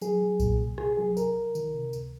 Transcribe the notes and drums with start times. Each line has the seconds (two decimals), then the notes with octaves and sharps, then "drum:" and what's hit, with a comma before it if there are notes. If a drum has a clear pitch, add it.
0.01 F#3 G#4, drum: tambourine
0.21 F#3
0.40 A#2, drum: kick B1, tambourine
0.60 C2
0.78 C2 G#4, drum: rim click
0.97 F#3 G#4
1.17 C2 A#4, drum: tambourine
1.35 C2
1.55 D#3, drum: tambourine
1.74 C3
1.93 C#2, drum: tambourine